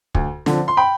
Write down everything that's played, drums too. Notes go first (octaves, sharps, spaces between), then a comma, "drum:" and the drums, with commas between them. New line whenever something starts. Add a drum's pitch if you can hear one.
D2, drum: kick
D3 F3 C4, drum: snare
C6
G5 B5